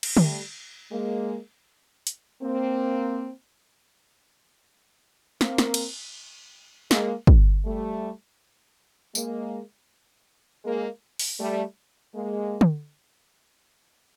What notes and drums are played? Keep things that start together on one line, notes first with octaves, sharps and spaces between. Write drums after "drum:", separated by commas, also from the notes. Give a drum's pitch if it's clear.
drum: cymbal
G3 A3, drum: tom D3
G#3 A#3
drum: hi-hat
A#3 C4
A#3 C4, drum: snare
drum: snare
drum: cymbal
G#3 A#3, drum: snare
drum: kick
G3 A3
G#3 A#3, drum: tambourine
G#3 A#3
drum: open hi-hat
G3 A3
G#3 A#3
drum: tom